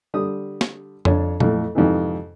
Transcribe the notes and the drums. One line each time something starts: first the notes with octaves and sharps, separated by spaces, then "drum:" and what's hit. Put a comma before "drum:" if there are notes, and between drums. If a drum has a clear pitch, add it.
D3 G3 D#6
drum: snare
F2 D4 C#5, drum: tom F2
F2 A2, drum: tom A#2
F2 G#2 C3 D#3 E3